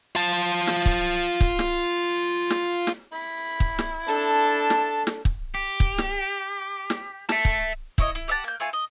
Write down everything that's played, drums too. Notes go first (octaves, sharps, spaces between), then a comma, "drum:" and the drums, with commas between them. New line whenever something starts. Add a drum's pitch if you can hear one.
F4 A5
drum: snare
drum: kick
drum: kick
drum: snare
drum: snare
drum: snare
E4 B5
drum: kick
drum: snare
D4 A4 A5
drum: snare
drum: snare
drum: kick
G4
drum: kick
drum: snare
drum: snare
E5 A5, drum: snare
drum: kick
E4 C#5 D#5, drum: kick
E4
G4 E5 F#5 A5
A#3 G6
A3 F4 G#5
D#5